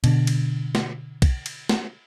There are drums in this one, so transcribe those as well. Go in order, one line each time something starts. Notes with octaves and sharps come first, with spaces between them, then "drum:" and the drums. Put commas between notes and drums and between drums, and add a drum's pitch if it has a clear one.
B2 D3, drum: cymbal
drum: cymbal
drum: snare
drum: kick B1, cymbal
drum: cymbal
drum: snare